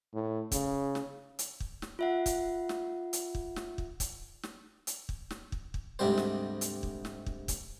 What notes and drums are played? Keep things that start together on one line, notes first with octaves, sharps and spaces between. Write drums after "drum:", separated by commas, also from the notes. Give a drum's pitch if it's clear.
A2
C#3, drum: kick, hi-hat
drum: snare
drum: hi-hat
drum: kick
drum: snare
F4 E5 F#5
drum: kick, hi-hat
drum: snare
drum: hi-hat
drum: kick
drum: snare
drum: kick
drum: kick, hi-hat
drum: snare
drum: hi-hat
drum: kick
drum: snare
drum: kick
drum: kick
D2 G#2 C3 G3 C5
drum: snare
drum: hi-hat
drum: kick
drum: snare
drum: kick
drum: kick, hi-hat